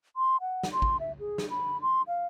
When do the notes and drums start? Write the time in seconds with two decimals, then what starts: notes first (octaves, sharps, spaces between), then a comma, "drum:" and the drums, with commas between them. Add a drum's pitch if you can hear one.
0.17 C6
0.41 F#5
0.63 drum: snare
0.73 C6
0.82 drum: kick G#1
1.00 E5
1.20 G#4
1.38 drum: snare
1.50 B5
1.82 C6
2.08 F5